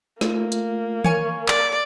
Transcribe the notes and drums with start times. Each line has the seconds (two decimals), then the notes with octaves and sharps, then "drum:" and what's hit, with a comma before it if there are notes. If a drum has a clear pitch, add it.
0.21 A3 A#3 F4, drum: snare
0.52 drum: hi-hat
1.04 A#4 C#5 G#5 C#6, drum: tom D#3
1.48 D5, drum: clap